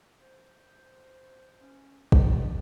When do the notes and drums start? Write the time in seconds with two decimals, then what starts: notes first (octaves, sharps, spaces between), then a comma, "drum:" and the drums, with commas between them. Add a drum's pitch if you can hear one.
0.22 C5
1.61 C#4
2.12 D5, drum: kick G#1